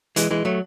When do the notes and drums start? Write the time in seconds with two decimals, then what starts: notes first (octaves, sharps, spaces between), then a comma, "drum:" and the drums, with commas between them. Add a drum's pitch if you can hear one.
0.16 E3 G#3, drum: hi-hat
0.31 E3 G#3
0.45 F#3 A3